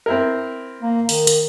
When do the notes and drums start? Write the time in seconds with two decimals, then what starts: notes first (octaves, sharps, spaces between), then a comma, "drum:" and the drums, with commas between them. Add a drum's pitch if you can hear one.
0.06 C4 E4 A#4
0.81 A#3
1.09 D#3, drum: open hi-hat
1.27 drum: hi-hat